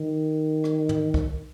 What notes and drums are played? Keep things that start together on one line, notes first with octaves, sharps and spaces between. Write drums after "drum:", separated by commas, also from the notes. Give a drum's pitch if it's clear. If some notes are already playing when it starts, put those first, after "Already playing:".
Already playing: D#3
drum: rim click
drum: tom
drum: kick